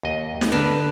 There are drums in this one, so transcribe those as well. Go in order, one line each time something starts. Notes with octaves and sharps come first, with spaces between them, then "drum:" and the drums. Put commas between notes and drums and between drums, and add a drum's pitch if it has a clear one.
D#2 D#5
drum: snare
D3 A#4 B4